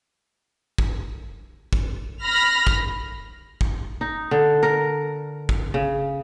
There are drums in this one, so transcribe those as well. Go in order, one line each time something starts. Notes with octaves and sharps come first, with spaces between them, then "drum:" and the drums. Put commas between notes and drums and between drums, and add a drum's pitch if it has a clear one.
drum: kick
drum: kick
B5 F6 A#6
drum: kick
drum: kick
D#4
D3
A#4
drum: kick
C#3